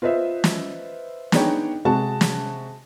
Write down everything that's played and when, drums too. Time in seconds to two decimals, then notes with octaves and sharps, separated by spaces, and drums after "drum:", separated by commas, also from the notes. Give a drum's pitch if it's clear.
0.02 F4 B4 C5 D#5 E5
0.44 drum: snare
1.32 B3 D4 D#4 G#4 C#5 G5, drum: snare
1.85 C3 G#3 F#4 A5
2.21 drum: snare